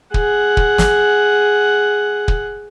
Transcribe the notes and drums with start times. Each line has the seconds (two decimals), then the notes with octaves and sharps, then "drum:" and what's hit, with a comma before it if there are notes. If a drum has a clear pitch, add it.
0.14 G#4 F#5, drum: kick
0.57 drum: kick
0.78 drum: snare
2.28 drum: kick